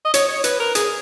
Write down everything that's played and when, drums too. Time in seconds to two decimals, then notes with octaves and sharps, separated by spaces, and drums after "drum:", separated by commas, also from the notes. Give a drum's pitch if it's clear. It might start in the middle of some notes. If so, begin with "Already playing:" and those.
0.05 D#5
0.14 C#5, drum: hi-hat
0.29 C#5
0.44 B4, drum: hi-hat
0.60 A#4
0.75 G#4, drum: hi-hat